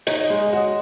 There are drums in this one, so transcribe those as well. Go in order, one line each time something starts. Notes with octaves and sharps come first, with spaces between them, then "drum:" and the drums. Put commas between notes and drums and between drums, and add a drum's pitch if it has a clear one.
D#4 C#5, drum: hi-hat
D#5
G#3
D#5
F#4 D#5